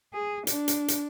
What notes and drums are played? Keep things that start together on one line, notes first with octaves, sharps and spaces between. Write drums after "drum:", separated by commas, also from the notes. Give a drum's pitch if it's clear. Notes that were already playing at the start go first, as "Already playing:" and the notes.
G#4
D4, drum: hi-hat
drum: hi-hat
drum: hi-hat